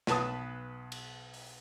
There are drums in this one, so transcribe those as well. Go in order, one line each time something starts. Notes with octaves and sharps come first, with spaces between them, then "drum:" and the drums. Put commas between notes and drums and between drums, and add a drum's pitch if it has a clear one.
B1 B4 A5 D#6, drum: snare
drum: cymbal
drum: open hi-hat